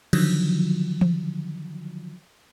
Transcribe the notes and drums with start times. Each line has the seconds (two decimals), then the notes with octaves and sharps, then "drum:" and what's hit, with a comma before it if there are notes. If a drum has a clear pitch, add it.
0.13 D3 D#3 F3 F#3, drum: cymbal
1.01 drum: tom E3